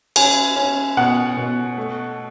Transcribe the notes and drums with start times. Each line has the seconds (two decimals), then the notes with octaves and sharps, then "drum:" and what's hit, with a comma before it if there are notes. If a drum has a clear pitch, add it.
0.16 C#4 G#5, drum: cymbal
0.56 C#4
0.97 B2 F#5
1.37 B2
1.77 A3